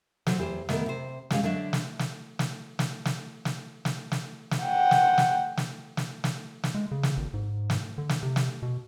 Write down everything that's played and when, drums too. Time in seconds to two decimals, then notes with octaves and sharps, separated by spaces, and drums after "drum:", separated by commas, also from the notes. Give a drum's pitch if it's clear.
0.26 F#3 A4 C5 C#5, drum: snare
0.38 E2 G4 C5
0.69 D#3 A3 B3 A4 A#4, drum: snare
0.86 C3 C5
1.30 G3 G#3 C#4 F5, drum: snare
1.43 D3 F#3 D4 C#5 D#5 E5
1.73 drum: snare
1.99 drum: snare
2.39 drum: snare
2.79 drum: snare
3.05 drum: snare
3.45 drum: snare
3.85 drum: snare
4.12 drum: snare
4.51 drum: snare
4.64 F#5 G5
4.91 drum: snare
5.18 drum: snare
5.57 drum: snare
5.97 drum: snare
6.24 drum: snare
6.64 drum: snare
6.74 G#3
6.91 C#3
7.03 drum: snare
7.17 G#1
7.34 G#2
7.70 drum: snare
7.98 D3
8.09 drum: snare
8.23 C3
8.36 drum: snare
8.62 B2